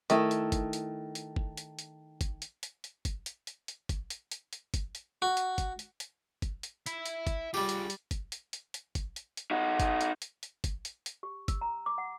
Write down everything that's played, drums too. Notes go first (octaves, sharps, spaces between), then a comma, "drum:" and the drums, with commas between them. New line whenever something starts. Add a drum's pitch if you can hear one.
D#3 A3 E4, drum: hi-hat
drum: hi-hat
drum: kick, hi-hat
drum: hi-hat
drum: hi-hat
drum: kick
drum: hi-hat
drum: hi-hat
drum: kick, hi-hat
drum: hi-hat
drum: hi-hat
drum: hi-hat
drum: kick, hi-hat
drum: hi-hat
drum: hi-hat
drum: hi-hat
drum: kick, hi-hat
drum: hi-hat
drum: hi-hat
drum: hi-hat
drum: kick, hi-hat
drum: hi-hat
F#4
drum: hi-hat
drum: kick, hi-hat
drum: hi-hat
drum: hi-hat
drum: kick, hi-hat
drum: hi-hat
E5 B5, drum: hi-hat
drum: hi-hat
drum: kick, hi-hat
G3 F4 G4 G#4
drum: hi-hat
drum: hi-hat
drum: kick, hi-hat
drum: hi-hat
drum: hi-hat
drum: hi-hat
drum: kick, hi-hat
drum: hi-hat
drum: hi-hat
D#4 F#4
drum: kick, hi-hat
drum: hi-hat
drum: hi-hat
drum: hi-hat
drum: kick, hi-hat
drum: hi-hat
drum: hi-hat
G4
E6, drum: kick, hi-hat
A#5
D6
F#5